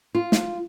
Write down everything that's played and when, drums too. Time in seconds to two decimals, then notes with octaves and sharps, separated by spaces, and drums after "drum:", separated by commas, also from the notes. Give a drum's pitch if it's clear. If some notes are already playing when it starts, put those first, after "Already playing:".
0.15 F4
0.32 drum: snare